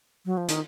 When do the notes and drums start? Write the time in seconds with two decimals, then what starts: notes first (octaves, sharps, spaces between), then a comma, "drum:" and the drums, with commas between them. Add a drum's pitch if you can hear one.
0.25 F#3
0.37 F3
0.48 D#3, drum: hi-hat